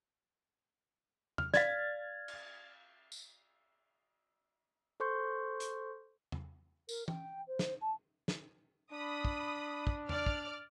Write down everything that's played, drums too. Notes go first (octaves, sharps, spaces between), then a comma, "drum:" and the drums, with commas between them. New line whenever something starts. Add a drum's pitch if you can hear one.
F6, drum: tom E2
D5 F5 G#6 A6, drum: snare
drum: cymbal
drum: tambourine
A4 C5 C6 C#6 G6
drum: hi-hat
drum: tom E2
A#4, drum: tambourine
G5, drum: tom
C5
drum: snare
A5
drum: snare
D4 B5 D#6
drum: kick
drum: kick
D5 F6, drum: tom E2
drum: kick